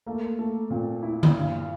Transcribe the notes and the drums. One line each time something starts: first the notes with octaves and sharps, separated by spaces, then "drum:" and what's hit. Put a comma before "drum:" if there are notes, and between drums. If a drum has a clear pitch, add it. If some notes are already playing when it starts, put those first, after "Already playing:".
A3 A#3
A3
A#2 C4
E4
drum: tom D3
G2